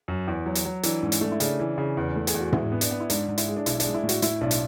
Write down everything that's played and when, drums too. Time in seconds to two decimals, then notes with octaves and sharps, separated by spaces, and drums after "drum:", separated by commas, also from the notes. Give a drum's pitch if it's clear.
0.08 F#2
0.28 E2
0.46 F#3
0.55 drum: hi-hat
0.65 F#3
0.83 E3 D4, drum: hi-hat
1.02 G#2 C#4
1.12 drum: hi-hat
1.21 A3 D4
1.32 E4
1.40 C#3 D4, drum: hi-hat
1.59 E3
1.78 C#3
1.97 E2
2.16 A3
2.27 G#4, drum: hi-hat
2.34 E2
2.40 F#4
2.53 G#3 E4, drum: tom
2.72 B3
2.81 D4, drum: hi-hat
2.91 B3
3.00 E4
3.10 G#2 D4, drum: hi-hat
3.28 G#2
3.38 E4, drum: hi-hat
3.48 G#3
3.56 D4
3.66 B1 E4, drum: hi-hat
3.80 D4, drum: hi-hat
3.85 G#3
3.94 E4
4.03 A2
4.09 F#4, drum: hi-hat
4.22 A2 E4, drum: hi-hat
4.41 B1 D4
4.51 drum: hi-hat